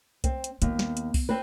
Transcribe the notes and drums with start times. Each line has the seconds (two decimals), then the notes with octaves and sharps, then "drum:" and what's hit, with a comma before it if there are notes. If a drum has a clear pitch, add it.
0.24 C4, drum: kick C2, hi-hat
0.44 drum: hi-hat
0.62 D#2 B3, drum: hi-hat
0.79 drum: snare
0.97 drum: hi-hat
1.14 drum: kick C2, open hi-hat
1.29 C4 B4